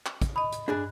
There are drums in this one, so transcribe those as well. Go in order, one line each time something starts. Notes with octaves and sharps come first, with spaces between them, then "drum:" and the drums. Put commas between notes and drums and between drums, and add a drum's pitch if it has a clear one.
drum: clap
drum: kick, hi-hat
D#5 B5 D#6
drum: hi-hat
G2 D4 G#4 D5 F#6